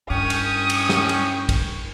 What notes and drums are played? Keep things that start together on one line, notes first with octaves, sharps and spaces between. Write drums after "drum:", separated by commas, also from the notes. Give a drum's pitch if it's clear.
G2 C#4 G5 C#6 D#6
drum: cymbal
drum: cymbal
drum: snare
drum: cymbal
drum: kick, cymbal